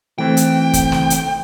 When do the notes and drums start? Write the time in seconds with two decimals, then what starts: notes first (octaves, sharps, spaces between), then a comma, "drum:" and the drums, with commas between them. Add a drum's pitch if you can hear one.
0.18 E3 A3 C4 G5
0.37 drum: hi-hat
0.73 drum: kick, hi-hat
0.92 drum: snare
1.10 drum: hi-hat